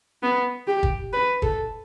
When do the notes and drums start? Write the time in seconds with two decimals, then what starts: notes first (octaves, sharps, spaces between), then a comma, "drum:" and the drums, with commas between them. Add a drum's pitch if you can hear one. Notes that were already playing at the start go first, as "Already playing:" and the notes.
0.23 B3
0.67 G4
0.83 drum: kick
1.13 B4
1.42 A4, drum: kick